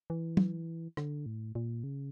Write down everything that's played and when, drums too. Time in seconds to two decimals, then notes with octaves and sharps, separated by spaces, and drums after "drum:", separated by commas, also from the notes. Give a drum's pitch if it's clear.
0.10 E3
0.37 drum: tom
0.97 D3, drum: rim click
1.26 A2
1.55 A#2
1.84 C#3